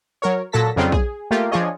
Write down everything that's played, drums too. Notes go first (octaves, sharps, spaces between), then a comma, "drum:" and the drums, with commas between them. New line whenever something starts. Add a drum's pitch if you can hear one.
F#3 A#4 C#5
A#2 F#3 A4 A5 A#6 B6
F2 C#3 F#3 G3 C4 F4
G#4, drum: kick
A3 A#3 F4 G4
F3 D4 F4 G#4 C#5 D#5